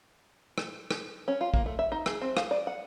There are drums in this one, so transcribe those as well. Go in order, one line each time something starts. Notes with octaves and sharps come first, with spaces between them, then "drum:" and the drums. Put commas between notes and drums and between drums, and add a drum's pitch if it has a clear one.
drum: rim click
drum: rim click
C#4
F4
A#3, drum: kick
A3
E5
D#4
G#4, drum: rim click
C4
F5, drum: rim click
D5
F#5